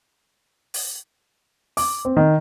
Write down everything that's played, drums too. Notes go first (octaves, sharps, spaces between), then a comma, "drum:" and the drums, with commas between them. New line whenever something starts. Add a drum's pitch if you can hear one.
drum: open hi-hat
D6, drum: open hi-hat
C4
D#3